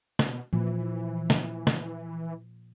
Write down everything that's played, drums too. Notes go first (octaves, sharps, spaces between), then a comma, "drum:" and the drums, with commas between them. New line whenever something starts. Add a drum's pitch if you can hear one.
B2, drum: snare
A#2 E3 F3
drum: snare
drum: snare